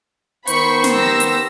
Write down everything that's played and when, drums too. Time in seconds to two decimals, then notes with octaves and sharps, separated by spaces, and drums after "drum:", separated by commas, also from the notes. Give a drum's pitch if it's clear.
0.47 D#3 B3 C5 B5 C#6, drum: hi-hat
0.84 drum: snare
0.94 G4 E6 A#6
1.20 drum: hi-hat